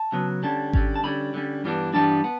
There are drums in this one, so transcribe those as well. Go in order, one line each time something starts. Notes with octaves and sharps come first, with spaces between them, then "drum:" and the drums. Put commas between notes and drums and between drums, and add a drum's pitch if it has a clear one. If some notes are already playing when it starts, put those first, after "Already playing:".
Already playing: A5
C#3 F#3 B3
D3 G3 C#4 A5
D3 G3 C#4, drum: kick G#1
A5
D3 G3 C#4 B5
D3 G3 C#4
G2 E3 G3 B3 D4
G2 E3 G3 B3 D4 A5
B3